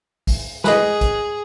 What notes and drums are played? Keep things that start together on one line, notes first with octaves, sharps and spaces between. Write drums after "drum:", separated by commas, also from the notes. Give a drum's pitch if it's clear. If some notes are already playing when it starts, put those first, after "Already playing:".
drum: kick, open hi-hat
G#4 B4 D#5, drum: snare
drum: kick, hi-hat